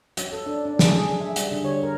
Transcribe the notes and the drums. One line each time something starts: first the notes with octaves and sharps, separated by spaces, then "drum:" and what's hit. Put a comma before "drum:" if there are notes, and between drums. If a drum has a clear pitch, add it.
F#3, drum: hi-hat
A4
D4
D4
G#4, drum: snare
G#4
E5
G3, drum: hi-hat
D3
C#5
A#4